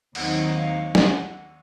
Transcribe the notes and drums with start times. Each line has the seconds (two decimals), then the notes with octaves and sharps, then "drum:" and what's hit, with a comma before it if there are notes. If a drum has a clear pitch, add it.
0.15 D#2 D#3 F#3 C4 D#4 F#5, drum: cymbal
0.55 F5
0.95 F#5, drum: snare